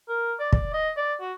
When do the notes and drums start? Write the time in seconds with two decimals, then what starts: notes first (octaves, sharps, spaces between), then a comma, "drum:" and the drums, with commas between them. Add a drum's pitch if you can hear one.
0.08 A#4
0.39 D5
0.53 D5, drum: kick
0.73 D#5
0.97 D5
1.20 F#4